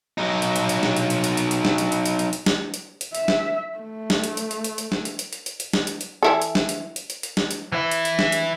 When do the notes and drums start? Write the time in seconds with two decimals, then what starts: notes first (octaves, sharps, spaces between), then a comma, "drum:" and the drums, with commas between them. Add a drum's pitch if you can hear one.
0.18 F#3 D#4
0.42 drum: hi-hat
0.56 drum: hi-hat
0.69 drum: hi-hat
0.83 drum: snare
0.97 drum: hi-hat
1.10 drum: hi-hat
1.24 drum: hi-hat
1.37 drum: hi-hat
1.51 drum: hi-hat
1.65 drum: snare
1.78 drum: hi-hat
1.92 drum: hi-hat
2.06 drum: hi-hat
2.19 drum: hi-hat
2.33 drum: hi-hat
2.46 drum: snare
2.74 drum: hi-hat
3.01 drum: hi-hat
3.15 E5, drum: hi-hat
3.28 drum: snare
3.78 A3
4.10 drum: snare
4.24 drum: hi-hat
4.37 drum: hi-hat
4.51 drum: hi-hat
4.64 drum: hi-hat
4.78 drum: hi-hat
4.92 drum: snare
5.05 drum: hi-hat
5.19 drum: hi-hat
5.33 drum: hi-hat
5.46 drum: hi-hat
5.60 drum: hi-hat
5.73 drum: snare
5.87 drum: hi-hat
6.01 drum: hi-hat
6.23 E3 E4 A4
6.42 drum: hi-hat
6.55 drum: snare
6.69 drum: hi-hat
6.96 drum: hi-hat
7.10 drum: hi-hat
7.23 drum: hi-hat
7.37 drum: snare
7.51 drum: hi-hat
7.72 E3 E4
7.91 drum: hi-hat
8.05 drum: hi-hat
8.19 drum: snare
8.32 drum: hi-hat